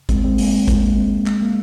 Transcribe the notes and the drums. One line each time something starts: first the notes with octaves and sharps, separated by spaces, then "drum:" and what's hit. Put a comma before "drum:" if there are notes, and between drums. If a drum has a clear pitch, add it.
G#3 C4, drum: kick G1, hi-hat
G#3 C4
A#3, drum: open hi-hat
G#3
G#3, drum: kick G1, hi-hat
A#3
G#3 C4
G#3, drum: clap
A#3